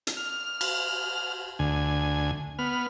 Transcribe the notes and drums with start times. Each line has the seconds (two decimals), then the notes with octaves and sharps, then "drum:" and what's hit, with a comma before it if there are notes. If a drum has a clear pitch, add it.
0.07 drum: hi-hat
0.17 F6
0.61 drum: cymbal
1.59 D2 G#5
2.59 B3 F6